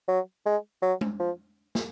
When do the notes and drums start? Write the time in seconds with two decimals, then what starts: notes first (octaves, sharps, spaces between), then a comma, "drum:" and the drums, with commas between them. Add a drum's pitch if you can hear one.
0.08 F#3
0.46 G#3
0.82 F#3
1.01 drum: tom G#3
1.20 F3
1.75 drum: snare